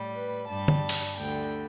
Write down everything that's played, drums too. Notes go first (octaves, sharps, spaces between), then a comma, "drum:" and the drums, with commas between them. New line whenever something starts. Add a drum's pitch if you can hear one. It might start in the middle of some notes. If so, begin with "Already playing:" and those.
Already playing: A2 G3
B4
G2 G3 A5
drum: tom D3
drum: open hi-hat
D2 D3 G3 G5